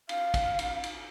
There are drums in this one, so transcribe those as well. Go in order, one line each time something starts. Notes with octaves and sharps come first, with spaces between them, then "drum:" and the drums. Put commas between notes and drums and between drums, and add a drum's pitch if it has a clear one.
F5, drum: cymbal
drum: kick, cymbal
drum: cymbal
drum: cymbal